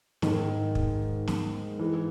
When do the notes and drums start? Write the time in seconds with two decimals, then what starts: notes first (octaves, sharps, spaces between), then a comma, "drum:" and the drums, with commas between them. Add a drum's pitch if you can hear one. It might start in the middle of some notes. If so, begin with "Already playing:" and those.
0.22 G#2 D#3, drum: snare
0.75 drum: kick
1.28 drum: snare
1.79 E3